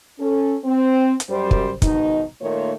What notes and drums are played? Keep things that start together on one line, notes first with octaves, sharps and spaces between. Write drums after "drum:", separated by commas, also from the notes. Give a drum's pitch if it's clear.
C#4 A4
C4
drum: hi-hat
F#2 G3 C5
drum: kick
G#2 B2 D#3 D#4, drum: kick, hi-hat
A#2 D#3 A3 A#3 F4 C#5